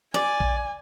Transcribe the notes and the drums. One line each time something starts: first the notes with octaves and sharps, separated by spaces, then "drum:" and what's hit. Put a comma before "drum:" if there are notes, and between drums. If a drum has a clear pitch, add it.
D5 G#5, drum: snare
drum: kick A#1